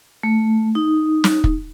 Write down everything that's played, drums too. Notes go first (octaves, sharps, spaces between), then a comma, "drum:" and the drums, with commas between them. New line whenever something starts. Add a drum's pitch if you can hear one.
A3
D#4
drum: snare
drum: kick